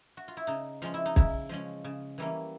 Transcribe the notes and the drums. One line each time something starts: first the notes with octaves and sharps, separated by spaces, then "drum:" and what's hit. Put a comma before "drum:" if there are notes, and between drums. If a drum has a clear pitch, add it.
F#4
F4
E4
C#3 D#4
F3 G#3 C#4 F4
E4
D#4
C#3 E4, drum: kick
F3 G#3 C#4
C#3
E3 G3 A#3 C#4